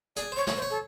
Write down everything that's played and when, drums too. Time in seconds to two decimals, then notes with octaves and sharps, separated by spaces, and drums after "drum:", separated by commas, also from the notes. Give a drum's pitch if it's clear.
0.16 G#4 D5, drum: hi-hat
0.32 C5 C#5
0.47 C#5, drum: snare
0.56 C5
0.62 C#5
0.70 A4